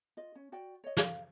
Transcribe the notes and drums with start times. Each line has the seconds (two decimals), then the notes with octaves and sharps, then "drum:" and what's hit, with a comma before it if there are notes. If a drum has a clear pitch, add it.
0.17 F4 D#5
0.35 C#4
0.52 F#4 D5 G5
0.84 C#5 D#5
0.97 A4 F5, drum: snare